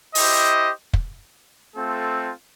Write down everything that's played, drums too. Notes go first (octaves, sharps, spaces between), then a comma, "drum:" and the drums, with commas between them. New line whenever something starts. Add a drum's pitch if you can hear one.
E4 G4 C5 D#5, drum: open hi-hat
drum: kick
A3 C4 F4 A4